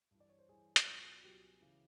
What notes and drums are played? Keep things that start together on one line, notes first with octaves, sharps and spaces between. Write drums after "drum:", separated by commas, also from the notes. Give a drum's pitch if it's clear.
G2 E3
D5
C#5
C5
G2 E3 G#4
drum: hi-hat
C#2 B2 F#3
C#2 B2 F#3 G4
C#3 E3